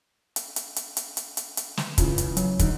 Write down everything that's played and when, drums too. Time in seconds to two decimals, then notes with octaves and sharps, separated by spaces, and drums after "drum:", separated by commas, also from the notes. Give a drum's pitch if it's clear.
0.36 drum: hi-hat
0.56 drum: hi-hat
0.76 drum: hi-hat
0.97 drum: hi-hat
1.17 drum: hi-hat
1.37 drum: hi-hat
1.57 drum: hi-hat
1.77 drum: snare
1.98 C#2 C#3 E3, drum: kick, hi-hat
2.18 drum: hi-hat
2.37 F#3, drum: hi-hat
2.59 D3 D#4, drum: kick, hi-hat